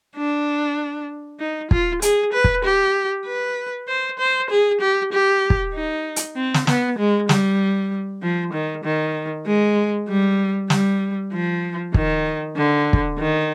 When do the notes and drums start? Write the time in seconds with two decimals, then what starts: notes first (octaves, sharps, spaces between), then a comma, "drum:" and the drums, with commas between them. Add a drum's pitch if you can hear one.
0.16 D4
1.40 D#4
1.71 F4, drum: kick
2.02 G#4, drum: hi-hat
2.33 B4
2.44 drum: kick
2.64 G4
3.26 B4
3.88 C5
4.19 C5
4.50 G#4
4.81 G4
5.12 G4
5.50 drum: kick
5.74 D#4
6.16 drum: hi-hat
6.36 C4
6.54 drum: snare
6.67 B3, drum: snare
6.98 G#3
7.29 G3, drum: snare
8.22 F3
8.53 D#3
8.84 D#3
9.46 G#3
10.08 G3
10.70 G3, drum: snare
11.33 F3
11.94 D#3, drum: kick
12.56 D3
12.93 drum: kick
13.19 D#3